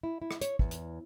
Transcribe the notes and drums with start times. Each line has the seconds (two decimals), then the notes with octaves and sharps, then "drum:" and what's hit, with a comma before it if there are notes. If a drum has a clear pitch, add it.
0.03 E4
0.22 E4
0.31 drum: rim click
0.41 C#5, drum: hi-hat
0.59 E2, drum: kick
0.71 drum: hi-hat